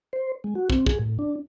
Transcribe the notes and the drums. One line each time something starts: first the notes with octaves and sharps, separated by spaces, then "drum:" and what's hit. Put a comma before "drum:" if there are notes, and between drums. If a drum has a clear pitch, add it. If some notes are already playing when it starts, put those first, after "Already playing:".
C5
G#3
F#4
C4, drum: kick
G#4, drum: kick
A2
D4